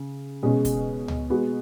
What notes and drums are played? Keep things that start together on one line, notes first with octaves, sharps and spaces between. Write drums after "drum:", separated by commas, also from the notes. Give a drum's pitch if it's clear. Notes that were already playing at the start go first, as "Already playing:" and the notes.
Already playing: C#3
B2 G#3 C#4 G#4
drum: kick, hi-hat
drum: tom C#2
G#3 B3 F#4